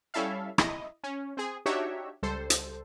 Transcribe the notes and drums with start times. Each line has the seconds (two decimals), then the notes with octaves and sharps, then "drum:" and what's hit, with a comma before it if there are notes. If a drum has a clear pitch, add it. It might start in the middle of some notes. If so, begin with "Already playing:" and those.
0.14 G3 C#4 E4 A4 E5 F5
0.58 E4 D#5, drum: rim click
1.03 C#4
1.37 C4 G#4
1.66 D4 D#4 F#4 G4 C#5 E5
2.23 C#2 G3 A4 C5
2.50 drum: hi-hat